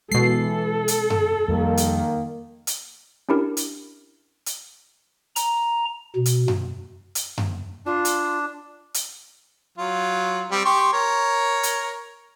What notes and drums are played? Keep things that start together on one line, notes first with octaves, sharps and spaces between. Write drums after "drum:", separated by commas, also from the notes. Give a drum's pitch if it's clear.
B2 E3 G#3 A4 C7
drum: hi-hat
drum: tom F#2
F2 D#3 G3 A#3
drum: hi-hat
drum: hi-hat
C#4 D4 E4 G4 A#4
drum: hi-hat
drum: hi-hat
A#5, drum: hi-hat
B2
drum: hi-hat
drum: tom F#2
drum: hi-hat
drum: tom F#2
D4 F4
drum: hi-hat
drum: hi-hat
F#3 F4
G3 C4
G4 C6 C#6
A#4 C#5
drum: hi-hat